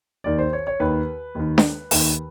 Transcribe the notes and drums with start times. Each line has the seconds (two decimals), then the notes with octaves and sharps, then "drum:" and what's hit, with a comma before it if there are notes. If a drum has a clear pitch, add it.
0.24 D#2 D#3 D5
0.38 C5
0.53 C#5
0.67 C#5
0.80 D#2 D#3 B4
1.35 D#2 D#3
1.58 drum: snare D4
1.91 D#2 D#3, drum: open hi-hat